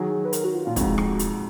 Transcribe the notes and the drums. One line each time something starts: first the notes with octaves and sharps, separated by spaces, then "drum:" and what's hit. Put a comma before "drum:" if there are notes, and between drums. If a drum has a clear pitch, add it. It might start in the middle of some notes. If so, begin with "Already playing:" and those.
Already playing: D#3 F#3 G#4
B4
A#4, drum: hi-hat
F#4
F4
A#2 F4
F2 G#2 F#4, drum: kick, hi-hat
drum: rim click
drum: hi-hat